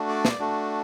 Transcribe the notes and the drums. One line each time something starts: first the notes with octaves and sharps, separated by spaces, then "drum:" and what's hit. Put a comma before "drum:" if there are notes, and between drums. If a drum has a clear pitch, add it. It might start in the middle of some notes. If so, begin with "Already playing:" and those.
Already playing: A3 D4 F#4
D5
drum: snare
A3 D4 F#4